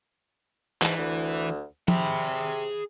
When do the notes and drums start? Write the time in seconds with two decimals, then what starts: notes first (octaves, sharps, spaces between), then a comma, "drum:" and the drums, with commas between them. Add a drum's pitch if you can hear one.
0.82 G#2 E3, drum: clap
0.98 D2
1.88 C3 G#4 B5, drum: tom F3